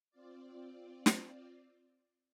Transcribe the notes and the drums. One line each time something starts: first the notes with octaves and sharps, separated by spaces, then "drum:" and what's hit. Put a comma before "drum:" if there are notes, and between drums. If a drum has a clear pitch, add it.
C4 F4 D5
drum: snare